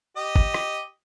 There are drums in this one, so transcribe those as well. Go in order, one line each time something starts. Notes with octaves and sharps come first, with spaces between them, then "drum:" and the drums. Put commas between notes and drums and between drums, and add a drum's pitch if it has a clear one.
G4 D#5
drum: kick G#1
drum: rim click